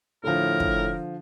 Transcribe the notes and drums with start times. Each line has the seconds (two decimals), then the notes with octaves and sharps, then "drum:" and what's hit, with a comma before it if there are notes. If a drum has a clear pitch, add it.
0.24 A2 D3 F3 A#4
0.60 drum: kick